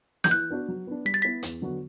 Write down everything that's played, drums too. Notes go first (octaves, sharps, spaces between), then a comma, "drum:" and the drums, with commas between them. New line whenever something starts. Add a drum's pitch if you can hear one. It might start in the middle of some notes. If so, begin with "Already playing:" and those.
G6, drum: snare
E3 F#6
B3 D4 F#4 B4
F#3
B3 D4
G3 B6
A6
B3 E4 B4 B6
E2, drum: hi-hat
D3 F#3 B3 F#4